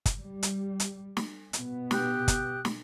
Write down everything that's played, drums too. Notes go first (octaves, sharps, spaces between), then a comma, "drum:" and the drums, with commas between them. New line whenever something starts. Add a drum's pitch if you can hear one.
drum: kick G1, hi-hat
G3
drum: hi-hat
drum: hi-hat
drum: snare
B2 B3, drum: hi-hat
G4 D#6 F#6, drum: snare
drum: kick G1, hi-hat
drum: snare